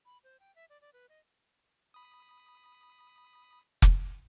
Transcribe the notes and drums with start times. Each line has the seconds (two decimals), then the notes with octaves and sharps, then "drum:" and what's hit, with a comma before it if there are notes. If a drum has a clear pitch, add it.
0.05 B5
0.24 C5
0.40 G5
0.55 E5
0.70 D5
0.81 D5
0.93 B4
1.09 D#5
1.94 B5 D#6
3.82 drum: kick F1